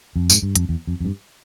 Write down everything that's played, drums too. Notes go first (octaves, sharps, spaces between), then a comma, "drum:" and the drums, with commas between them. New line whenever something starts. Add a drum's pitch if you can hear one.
F2
G#2, drum: tambourine
G2
F2, drum: hi-hat
E2
F2
F2
G2